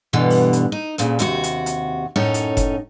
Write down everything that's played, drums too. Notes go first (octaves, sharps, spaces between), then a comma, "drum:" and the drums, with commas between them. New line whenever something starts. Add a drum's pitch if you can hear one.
G2 B2 D3 E3 G3
drum: open hi-hat
drum: hi-hat
D#4
D2 A#2 C#3, drum: hi-hat
D#2 C3 F#4, drum: hi-hat
drum: hi-hat
drum: hi-hat
F#2 A2 C#4 D#4 A4
drum: hi-hat
drum: kick F#1, hi-hat